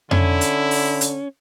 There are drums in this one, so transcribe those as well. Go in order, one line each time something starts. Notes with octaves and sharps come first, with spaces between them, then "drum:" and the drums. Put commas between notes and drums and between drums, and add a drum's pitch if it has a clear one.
D3 C#4 E4, drum: tom F2
drum: hi-hat
drum: open hi-hat
drum: hi-hat